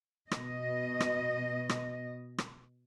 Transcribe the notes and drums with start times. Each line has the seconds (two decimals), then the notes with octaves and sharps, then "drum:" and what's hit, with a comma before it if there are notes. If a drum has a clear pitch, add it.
0.31 B2 D#5, drum: rim click
1.00 drum: rim click
1.69 drum: rim click
2.38 drum: rim click